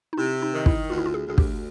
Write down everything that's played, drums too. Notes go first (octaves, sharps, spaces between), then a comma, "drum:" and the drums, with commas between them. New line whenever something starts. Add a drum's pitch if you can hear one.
D#4
C3 E4
D#4
D#3
E4, drum: kick
D2 F4
E4
F4
G#4
D2 G#4
G4, drum: kick